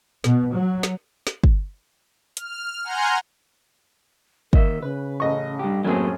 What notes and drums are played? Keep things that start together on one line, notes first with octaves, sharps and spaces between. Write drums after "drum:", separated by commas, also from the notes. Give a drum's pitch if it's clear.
B2, drum: snare
F#3
drum: snare
drum: snare
drum: kick
F6, drum: hi-hat
F#5 G#5 A#5 C6 F6 G6
D#2 A#4 D#5 E5, drum: kick
C#3 B4
A1 D#5 C#6
G2 G4
F#2 A2 F#3 A3 A#3 C4 G#4